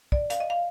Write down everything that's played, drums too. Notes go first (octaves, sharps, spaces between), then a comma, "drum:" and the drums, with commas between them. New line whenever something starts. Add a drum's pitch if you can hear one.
D5, drum: kick
F5, drum: hi-hat
D#5
F5